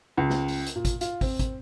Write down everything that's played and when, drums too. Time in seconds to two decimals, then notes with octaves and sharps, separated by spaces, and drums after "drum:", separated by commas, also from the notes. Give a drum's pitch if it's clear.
0.17 C#2
0.30 drum: snare
0.48 drum: open hi-hat
0.66 drum: hi-hat
0.75 A#2
0.85 drum: kick, hi-hat
1.01 F4, drum: hi-hat
1.21 C4, drum: kick, open hi-hat
1.39 drum: kick, hi-hat